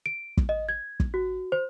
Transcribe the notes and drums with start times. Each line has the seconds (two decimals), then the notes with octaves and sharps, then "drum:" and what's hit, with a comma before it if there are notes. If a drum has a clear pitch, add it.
0.06 D7
0.37 drum: kick
0.49 D#5
0.69 G#6
1.00 drum: kick
1.14 F#4
1.52 C5